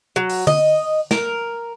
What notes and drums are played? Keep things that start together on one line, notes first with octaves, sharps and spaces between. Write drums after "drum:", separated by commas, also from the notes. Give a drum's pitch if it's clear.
F#3
drum: open hi-hat
D#5, drum: tom D3
A#4, drum: snare